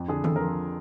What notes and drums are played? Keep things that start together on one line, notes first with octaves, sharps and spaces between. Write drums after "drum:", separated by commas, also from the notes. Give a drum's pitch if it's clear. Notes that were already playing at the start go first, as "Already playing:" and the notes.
Already playing: F2
D3 G#4
F2 A4, drum: tom D#3
F3 A#4
A4